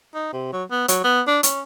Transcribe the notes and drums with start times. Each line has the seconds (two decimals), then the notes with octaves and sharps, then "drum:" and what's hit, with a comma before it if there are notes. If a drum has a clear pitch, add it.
0.14 D#4
0.33 C3
0.53 F#3
0.71 B3
0.88 F#3, drum: hi-hat
1.04 B3
1.27 D4
1.43 C#4, drum: hi-hat